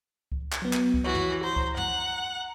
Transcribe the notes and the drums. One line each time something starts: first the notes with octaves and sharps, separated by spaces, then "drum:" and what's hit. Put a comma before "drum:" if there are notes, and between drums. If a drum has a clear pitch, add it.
drum: kick C#2
drum: clap
F#3 B3
drum: clap
drum: kick C#2
E3 F#4 C#5
drum: tom
C5 A#5
drum: kick C#2
F#5, drum: tom